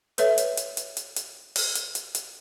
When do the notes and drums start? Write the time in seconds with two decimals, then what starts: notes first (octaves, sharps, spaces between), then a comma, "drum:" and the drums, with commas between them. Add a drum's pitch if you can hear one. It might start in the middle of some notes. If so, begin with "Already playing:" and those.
0.18 A4 B4 C#5 E5, drum: hi-hat
0.38 drum: hi-hat
0.57 drum: hi-hat
0.77 drum: hi-hat
0.97 drum: hi-hat
1.16 drum: hi-hat
1.56 drum: open hi-hat
1.75 drum: hi-hat
1.95 drum: hi-hat
2.15 drum: hi-hat